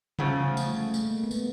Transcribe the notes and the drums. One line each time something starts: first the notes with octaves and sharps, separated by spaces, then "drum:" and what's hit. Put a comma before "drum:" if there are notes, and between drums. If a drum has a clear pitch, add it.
E2 C#3 F3 G3, drum: tom C#3
A3
G#3, drum: tambourine
A3
G#3
A3, drum: tambourine
G#3 A#3
B3
G#3 A#3, drum: tambourine